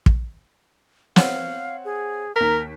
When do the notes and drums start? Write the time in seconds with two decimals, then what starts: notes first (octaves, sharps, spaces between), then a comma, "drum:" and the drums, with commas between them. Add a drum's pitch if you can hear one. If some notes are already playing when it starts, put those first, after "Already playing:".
0.06 drum: kick
1.16 C4 C#5 F5 F#5, drum: snare
1.85 G#4
2.36 D#2 A#4 A#5 B6